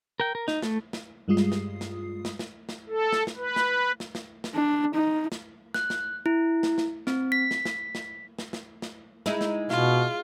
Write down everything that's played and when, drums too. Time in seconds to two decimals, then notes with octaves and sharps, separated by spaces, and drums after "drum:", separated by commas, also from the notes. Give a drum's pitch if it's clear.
0.20 A#4 G5
0.35 A#4
0.48 D#4, drum: snare
0.62 A3, drum: snare
0.93 drum: snare
1.28 G2 G3 G#3 F4 D#6 C7
1.37 drum: snare
1.52 drum: snare
1.81 drum: snare
2.25 drum: snare
2.39 drum: snare
2.69 drum: snare
2.89 A4
3.12 drum: snare
3.27 drum: snare
3.37 B4
3.56 drum: snare
4.00 drum: snare
4.15 drum: snare
4.44 drum: snare
4.54 D4
4.95 D#4
5.32 drum: snare
5.74 F#6, drum: snare
5.90 drum: snare
6.26 E4
6.63 drum: snare
6.78 drum: snare
7.07 C4, drum: snare
7.32 B6
7.51 drum: snare
7.65 drum: snare
7.95 drum: snare
8.39 drum: snare
8.53 drum: snare
8.82 drum: snare
9.26 G#3 D#4 E4, drum: snare
9.41 drum: snare
9.70 B2 F4, drum: snare